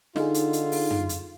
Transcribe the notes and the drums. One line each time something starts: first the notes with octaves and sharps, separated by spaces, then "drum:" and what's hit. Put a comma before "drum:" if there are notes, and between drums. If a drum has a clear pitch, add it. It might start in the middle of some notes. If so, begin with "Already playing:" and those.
D3 D#4 F4 G#4, drum: snare
drum: hi-hat
drum: hi-hat
drum: open hi-hat
drum: tom
drum: hi-hat